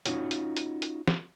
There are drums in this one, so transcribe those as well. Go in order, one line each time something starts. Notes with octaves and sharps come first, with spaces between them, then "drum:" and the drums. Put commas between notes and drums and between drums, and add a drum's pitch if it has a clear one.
C#4 D#4 F4 F#4 C#5, drum: hi-hat
drum: hi-hat
drum: hi-hat
drum: hi-hat
drum: snare